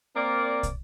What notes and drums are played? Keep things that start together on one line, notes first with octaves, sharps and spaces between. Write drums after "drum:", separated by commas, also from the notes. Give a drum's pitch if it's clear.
A#3 C4 A#4 D5
drum: kick, hi-hat